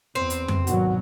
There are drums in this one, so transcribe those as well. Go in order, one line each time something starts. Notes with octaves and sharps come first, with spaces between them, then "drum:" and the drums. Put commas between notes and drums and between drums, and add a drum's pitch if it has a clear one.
E2 C4
drum: hi-hat
drum: tom F2
G#1 D#2 B2 F#3 F#4, drum: hi-hat